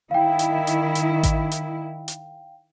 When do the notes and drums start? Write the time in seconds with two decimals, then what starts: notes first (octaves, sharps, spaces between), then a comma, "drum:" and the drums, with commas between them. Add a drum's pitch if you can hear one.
0.11 D#3 E4 F5 G5
0.39 drum: hi-hat
0.67 drum: hi-hat
0.95 drum: hi-hat
1.23 drum: kick A1, hi-hat
1.51 drum: hi-hat
2.08 drum: hi-hat